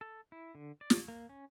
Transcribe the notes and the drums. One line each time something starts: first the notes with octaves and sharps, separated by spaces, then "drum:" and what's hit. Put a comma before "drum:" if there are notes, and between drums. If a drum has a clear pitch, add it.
A4
E4
D3
D5
drum: snare
A#3
C#4